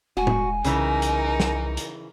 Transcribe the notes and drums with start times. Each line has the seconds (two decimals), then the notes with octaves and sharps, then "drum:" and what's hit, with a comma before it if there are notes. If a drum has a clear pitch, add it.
0.17 E1 G#3 F#4 G#5
0.27 drum: tom A2
0.65 C2 C#3 E3 D#4 A#4, drum: hi-hat
1.02 drum: hi-hat
1.40 drum: snare
1.77 drum: hi-hat